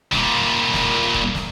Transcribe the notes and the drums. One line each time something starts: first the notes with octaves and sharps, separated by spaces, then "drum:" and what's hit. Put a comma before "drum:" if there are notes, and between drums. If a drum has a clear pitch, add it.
A#2 G3, drum: snare
drum: snare
drum: kick
drum: snare